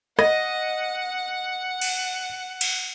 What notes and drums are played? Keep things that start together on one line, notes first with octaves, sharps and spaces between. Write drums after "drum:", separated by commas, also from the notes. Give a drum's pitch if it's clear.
D#5 F#5, drum: rim click
drum: cymbal
drum: cymbal